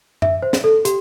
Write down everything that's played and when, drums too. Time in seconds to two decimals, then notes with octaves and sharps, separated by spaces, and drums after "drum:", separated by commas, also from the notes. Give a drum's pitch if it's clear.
0.22 E5, drum: tom F#2
0.42 C5
0.53 drum: snare
0.64 A4
0.85 G4, drum: hi-hat